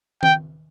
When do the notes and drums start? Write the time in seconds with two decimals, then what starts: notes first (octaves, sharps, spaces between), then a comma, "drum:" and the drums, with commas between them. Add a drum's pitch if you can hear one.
0.23 G5, drum: tom D#3